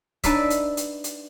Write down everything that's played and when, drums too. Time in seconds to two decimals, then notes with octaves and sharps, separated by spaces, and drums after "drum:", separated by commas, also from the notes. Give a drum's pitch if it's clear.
0.24 D4 D#4 B4 D5 E5, drum: kick C#1, hi-hat
0.50 drum: hi-hat
0.77 drum: hi-hat
1.04 drum: hi-hat